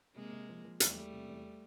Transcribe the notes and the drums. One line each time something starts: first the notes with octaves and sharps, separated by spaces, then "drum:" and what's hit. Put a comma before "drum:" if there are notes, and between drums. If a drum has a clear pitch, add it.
C3 G#3 A#3
C3
F3
F3
E2 G3 A3, drum: hi-hat
E2
C3
E2